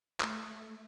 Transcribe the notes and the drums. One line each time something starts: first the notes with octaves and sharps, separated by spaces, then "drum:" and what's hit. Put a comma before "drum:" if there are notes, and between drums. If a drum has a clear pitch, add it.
A3, drum: clap